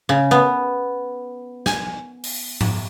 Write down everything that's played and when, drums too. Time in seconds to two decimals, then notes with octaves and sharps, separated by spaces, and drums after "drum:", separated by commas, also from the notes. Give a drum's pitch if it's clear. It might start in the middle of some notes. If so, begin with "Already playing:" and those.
0.09 C#3
0.31 B3
1.66 G#5, drum: snare
2.24 drum: open hi-hat
2.61 drum: tom G#2